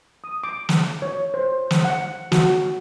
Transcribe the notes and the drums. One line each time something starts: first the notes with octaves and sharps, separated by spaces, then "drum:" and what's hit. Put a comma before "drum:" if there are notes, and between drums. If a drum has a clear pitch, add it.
D#6
D6
drum: snare
C#5
C5
drum: snare
F#5
F#4, drum: snare